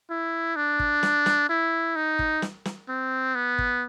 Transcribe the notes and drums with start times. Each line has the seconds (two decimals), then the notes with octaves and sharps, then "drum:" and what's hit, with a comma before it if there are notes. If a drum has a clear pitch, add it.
0.10 E4
0.56 D4
0.79 drum: kick
1.03 drum: snare
1.26 drum: snare
1.49 E4
1.96 D#4
2.19 drum: kick
2.42 drum: snare
2.65 drum: snare
2.89 C4
3.35 B3
3.58 drum: kick